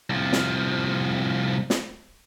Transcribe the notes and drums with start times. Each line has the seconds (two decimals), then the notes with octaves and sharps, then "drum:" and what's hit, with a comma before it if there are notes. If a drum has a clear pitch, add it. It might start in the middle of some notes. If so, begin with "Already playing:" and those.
0.10 C2 F3
0.33 drum: snare
1.70 drum: snare